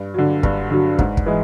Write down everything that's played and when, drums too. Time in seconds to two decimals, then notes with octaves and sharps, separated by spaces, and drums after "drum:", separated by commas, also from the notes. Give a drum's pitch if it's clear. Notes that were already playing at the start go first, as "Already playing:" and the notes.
Already playing: G2
0.14 D3 F#3
0.43 G2, drum: kick
0.70 D3 F#3
0.99 G#2, drum: kick
1.17 drum: kick
1.26 E3 G#3